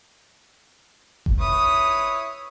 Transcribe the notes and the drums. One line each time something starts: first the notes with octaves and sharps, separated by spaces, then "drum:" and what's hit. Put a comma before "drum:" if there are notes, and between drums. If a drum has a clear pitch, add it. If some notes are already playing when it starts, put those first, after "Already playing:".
drum: kick F#1
E4 B4 C#5 D#6